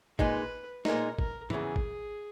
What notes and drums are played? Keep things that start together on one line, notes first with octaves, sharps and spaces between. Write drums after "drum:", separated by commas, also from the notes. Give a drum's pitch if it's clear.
A#2 G#3 D#4 B4, drum: kick G#1
A#2 G#3 D#4 A#4, drum: snare
A#4, drum: kick G#1
E2 C#3 E3 G#4, drum: tom G#2
drum: kick G#1